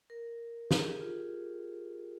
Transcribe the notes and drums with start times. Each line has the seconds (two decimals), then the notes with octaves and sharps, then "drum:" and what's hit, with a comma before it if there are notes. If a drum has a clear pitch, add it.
0.10 A#4
0.71 G#4, drum: snare
0.86 G4
1.01 F4